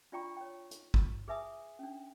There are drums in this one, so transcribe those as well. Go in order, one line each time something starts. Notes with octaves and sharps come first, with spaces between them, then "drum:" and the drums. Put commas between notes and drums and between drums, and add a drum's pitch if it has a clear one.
D4 F4 D5 G5 A#5 C#6
C#5 G5
drum: hi-hat
drum: kick
G#4 B4 E5 G#5 D#6
C#4 D4